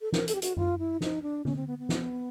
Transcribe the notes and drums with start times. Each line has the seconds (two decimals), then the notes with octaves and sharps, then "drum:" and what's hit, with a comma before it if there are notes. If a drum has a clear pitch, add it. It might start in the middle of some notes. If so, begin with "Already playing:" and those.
0.01 A4
0.12 A#4, drum: snare
0.28 A4, drum: hi-hat
0.35 G4
0.42 F#4, drum: hi-hat
0.57 F4, drum: tom F#2
0.78 E4
1.01 D#4, drum: snare
1.22 D4
1.45 C#4, drum: tom
1.56 C4
1.67 B3
1.78 B3
1.89 drum: snare